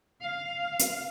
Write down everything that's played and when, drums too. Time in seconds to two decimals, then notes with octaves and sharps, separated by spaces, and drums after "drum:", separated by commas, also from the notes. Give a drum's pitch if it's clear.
0.23 F5
0.80 drum: hi-hat